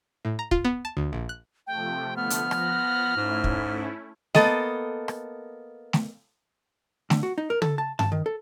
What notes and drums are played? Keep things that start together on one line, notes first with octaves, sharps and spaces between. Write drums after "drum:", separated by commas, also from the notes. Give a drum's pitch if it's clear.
A2
A#5
F4, drum: kick
B3
A5
D2
A#1
F#6
C3 F3 A3 G5
D3 F3 A3 B3 F6
drum: hi-hat
F3 F#6 A#6, drum: rim click
G#2 A3 C#4 E4
drum: kick
A#3 B3 A4 D#5, drum: snare A3
drum: rim click
drum: snare A3
D3, drum: snare A3
F#4
D#4
A#4
A4, drum: tom
A5
A5, drum: tom G2
D#3
A4